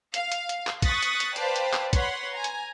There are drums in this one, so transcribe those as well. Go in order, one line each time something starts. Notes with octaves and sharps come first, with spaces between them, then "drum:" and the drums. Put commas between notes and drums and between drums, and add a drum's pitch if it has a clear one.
F5, drum: hi-hat
drum: hi-hat
drum: hi-hat
drum: clap
C#6 D#6 F#6 A6 B6, drum: kick, hi-hat
drum: hi-hat
drum: hi-hat
B4 C5 D5 F5 G5 A5, drum: hi-hat
drum: hi-hat
drum: clap
B4 C#5 F#5 B5 C6, drum: kick, hi-hat
G#5 A#5
drum: hi-hat